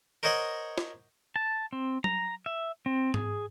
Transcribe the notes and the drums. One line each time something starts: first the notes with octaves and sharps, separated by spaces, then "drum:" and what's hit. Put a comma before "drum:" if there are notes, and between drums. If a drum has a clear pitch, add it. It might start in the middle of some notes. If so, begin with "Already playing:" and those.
A#4 C5 C#5 D#5 F#5 C6
drum: snare
A5
C4
A#5, drum: tom F#3
E5
C4
G#4, drum: tom G#2